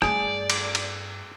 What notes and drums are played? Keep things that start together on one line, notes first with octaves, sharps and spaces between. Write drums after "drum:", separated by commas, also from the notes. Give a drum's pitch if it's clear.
G2 A3 G#4 D5, drum: rim click
drum: cymbal
drum: cymbal